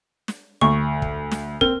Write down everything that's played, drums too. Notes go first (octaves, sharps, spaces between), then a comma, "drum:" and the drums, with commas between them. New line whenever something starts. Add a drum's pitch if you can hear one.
drum: snare
D2 C#6
drum: kick
drum: snare
C4 A#4, drum: kick